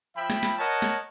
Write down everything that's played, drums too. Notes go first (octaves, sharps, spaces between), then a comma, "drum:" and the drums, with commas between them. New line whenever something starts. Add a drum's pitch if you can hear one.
F3 E5 G5 B5
drum: snare
drum: snare
A#4 C#5 D#5 F#5 A5
drum: snare